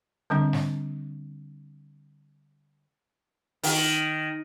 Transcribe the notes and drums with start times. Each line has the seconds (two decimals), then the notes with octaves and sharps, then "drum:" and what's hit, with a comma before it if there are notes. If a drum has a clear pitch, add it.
0.30 D3 G3 C4 D4
0.53 drum: snare
3.63 D#3, drum: open hi-hat